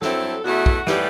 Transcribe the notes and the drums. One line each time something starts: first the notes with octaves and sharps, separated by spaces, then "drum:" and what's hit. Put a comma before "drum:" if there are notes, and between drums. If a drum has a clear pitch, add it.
G2 F#3 C4 E4 A4, drum: snare
E2 B2 A3 E4 F#4
drum: kick
A2 E3 G3 B3 G4, drum: snare